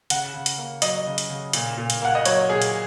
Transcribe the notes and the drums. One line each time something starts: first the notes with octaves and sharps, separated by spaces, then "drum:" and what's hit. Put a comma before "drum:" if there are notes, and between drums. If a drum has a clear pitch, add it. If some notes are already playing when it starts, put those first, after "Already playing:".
C#3 F#5, drum: hi-hat
C#3
drum: hi-hat
A#3
F#3 D#5, drum: hi-hat
C#3
drum: hi-hat
C#3
A#2, drum: hi-hat
A#2
drum: hi-hat
A#3 F#5
D#5
F#3 C#5, drum: hi-hat
A#2 G#4
drum: hi-hat